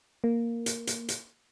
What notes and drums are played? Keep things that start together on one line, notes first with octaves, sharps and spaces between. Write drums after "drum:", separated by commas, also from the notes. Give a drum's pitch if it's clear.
A#3
drum: hi-hat
drum: hi-hat
drum: hi-hat